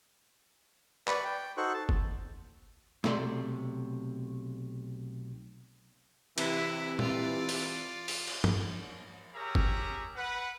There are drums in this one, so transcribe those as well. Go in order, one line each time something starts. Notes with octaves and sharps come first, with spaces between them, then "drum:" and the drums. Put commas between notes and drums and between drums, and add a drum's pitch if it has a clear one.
B4 D5 B5 C#6, drum: clap
G5
D#4 F#4 A4 C5 C#6 F#6
A5
drum: kick G1
B1 C3 A3 D5 C6, drum: snare
C3 E3 E4 B5, drum: cymbal
F4 D5, drum: tom A#2
drum: open hi-hat
drum: open hi-hat
drum: cymbal
drum: tom
G4 G#4 A#4 C#5 E5 A#5
drum: kick G1
B4 F#5